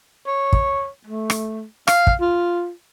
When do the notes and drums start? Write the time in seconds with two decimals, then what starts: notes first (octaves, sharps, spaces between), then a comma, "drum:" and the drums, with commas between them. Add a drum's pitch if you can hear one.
0.27 C#5
0.53 drum: kick
1.07 A3
1.30 drum: rim click
1.87 F5, drum: rim click
2.07 drum: kick
2.21 F4